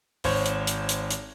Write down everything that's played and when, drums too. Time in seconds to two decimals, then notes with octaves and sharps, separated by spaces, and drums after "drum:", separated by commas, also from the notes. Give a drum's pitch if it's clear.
0.24 G#1 C5 C#5, drum: open hi-hat
0.46 drum: hi-hat
0.67 drum: hi-hat
0.89 drum: hi-hat
1.11 drum: hi-hat